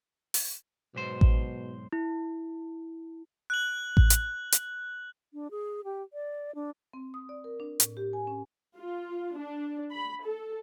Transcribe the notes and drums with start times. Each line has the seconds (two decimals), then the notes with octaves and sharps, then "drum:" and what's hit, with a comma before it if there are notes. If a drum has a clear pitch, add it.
0.34 drum: open hi-hat
0.95 B1 G#2 B2 C5
1.21 drum: kick A1
1.93 E4
3.50 F#6 F#7
3.97 drum: kick A1
4.10 drum: hi-hat
4.52 drum: hi-hat
5.33 D4
5.51 G#4
5.84 G4
6.13 D5
6.55 D4
6.93 C4
7.14 D#6
7.29 D5
7.44 A#4
7.60 D4
7.80 A2, drum: hi-hat
7.97 G4
8.13 G#5
8.27 C#4
8.78 F4
9.37 D4
9.92 B5
10.24 A4